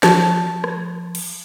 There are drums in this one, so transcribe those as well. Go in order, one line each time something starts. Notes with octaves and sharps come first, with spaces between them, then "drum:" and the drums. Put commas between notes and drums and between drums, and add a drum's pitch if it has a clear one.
F3 A5, drum: snare
drum: rim click
drum: cymbal